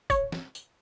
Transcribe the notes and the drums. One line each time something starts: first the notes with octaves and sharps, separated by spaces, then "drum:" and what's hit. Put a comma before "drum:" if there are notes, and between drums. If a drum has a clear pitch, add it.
C#5, drum: kick, tambourine
drum: snare
drum: tambourine